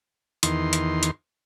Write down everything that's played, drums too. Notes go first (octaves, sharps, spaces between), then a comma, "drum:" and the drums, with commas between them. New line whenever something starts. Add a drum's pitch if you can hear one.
E2 D#3 C6, drum: hi-hat
drum: hi-hat
drum: hi-hat